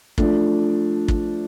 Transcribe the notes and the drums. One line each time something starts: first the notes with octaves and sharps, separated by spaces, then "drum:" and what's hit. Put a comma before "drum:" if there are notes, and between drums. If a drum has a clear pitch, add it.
F3 A3 D4, drum: kick
drum: kick